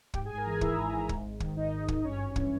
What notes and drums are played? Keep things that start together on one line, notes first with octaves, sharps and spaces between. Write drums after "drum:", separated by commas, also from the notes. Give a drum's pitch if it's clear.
G#2 G4 G5, drum: kick
G#4 G#5
G#1
A#4 A#5
E3 G#4 G#5
G#1 E4 E5, drum: kick
G#2
G#1
G#2, drum: kick
G#1
D#3, drum: kick
G#1 D#4 D#5
G#2
G#1, drum: kick
G2 C#4 C#5
G#1
E3, drum: kick